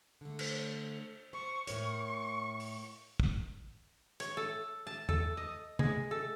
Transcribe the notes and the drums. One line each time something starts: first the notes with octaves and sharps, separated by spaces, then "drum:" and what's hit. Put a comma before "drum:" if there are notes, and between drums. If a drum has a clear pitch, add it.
D3 A3
drum: cymbal
C5 C#6
A2 A#4 C#5 C#6, drum: hi-hat
drum: open hi-hat
drum: kick
C#5, drum: hi-hat
A4
A5
A4, drum: tom
D#5
G#3, drum: tom
A4